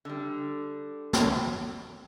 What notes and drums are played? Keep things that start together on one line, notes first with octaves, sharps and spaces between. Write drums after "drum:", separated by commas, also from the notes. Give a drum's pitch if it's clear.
D3 G3
drum: snare